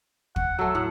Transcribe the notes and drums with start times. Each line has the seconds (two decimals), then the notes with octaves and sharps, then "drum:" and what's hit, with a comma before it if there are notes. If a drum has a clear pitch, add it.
0.36 F#5, drum: kick
0.59 F#3 A3 A4
0.75 A2 F#5